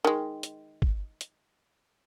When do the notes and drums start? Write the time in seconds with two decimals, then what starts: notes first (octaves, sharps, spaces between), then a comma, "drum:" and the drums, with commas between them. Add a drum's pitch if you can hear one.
0.05 D#3 G#3
0.43 drum: hi-hat
0.82 drum: kick
1.21 drum: hi-hat